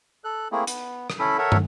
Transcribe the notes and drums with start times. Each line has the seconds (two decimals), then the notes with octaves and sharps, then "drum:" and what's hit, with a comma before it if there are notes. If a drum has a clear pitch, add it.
0.24 A4 F#6
0.52 A3 A#3 C4 E4 G#4
0.67 B3, drum: hi-hat
1.10 drum: rim click
1.19 C#4 E4 A4 B5
1.38 A4 A#4 C#5 E5 F#5
1.52 drum: tom